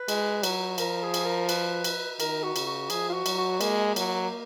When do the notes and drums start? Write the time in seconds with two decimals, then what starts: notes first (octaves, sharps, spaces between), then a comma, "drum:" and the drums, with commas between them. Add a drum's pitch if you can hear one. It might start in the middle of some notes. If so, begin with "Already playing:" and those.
Already playing: B4
0.08 G#3, drum: cymbal
0.43 F#3, drum: cymbal
0.78 F3 A#4, drum: cymbal
1.03 G#4
1.14 drum: cymbal
1.25 A#4
1.49 B4, drum: cymbal
1.84 drum: cymbal
2.20 D#3 A#4, drum: cymbal
2.43 F#4
2.56 C#3, drum: cymbal
2.67 F#4
2.90 F3 G#4, drum: cymbal
3.10 F4
3.14 F#4
3.26 F#3, drum: cymbal
3.38 F#4
3.61 G#3 A#3, drum: cymbal
3.96 F#3, drum: cymbal